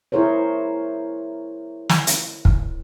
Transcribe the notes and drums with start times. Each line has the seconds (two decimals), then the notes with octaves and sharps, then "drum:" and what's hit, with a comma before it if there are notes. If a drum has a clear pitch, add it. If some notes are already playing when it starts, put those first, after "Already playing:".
0.12 E4 G#4 A#4 C5 C#5
1.89 drum: snare
2.07 drum: hi-hat
2.45 drum: kick